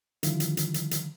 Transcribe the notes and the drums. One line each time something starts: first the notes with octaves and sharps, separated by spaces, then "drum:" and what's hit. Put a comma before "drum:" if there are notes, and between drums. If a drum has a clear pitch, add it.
D3 D#3 F3 G3 E4 F4, drum: hi-hat
drum: hi-hat
drum: hi-hat
drum: hi-hat
drum: hi-hat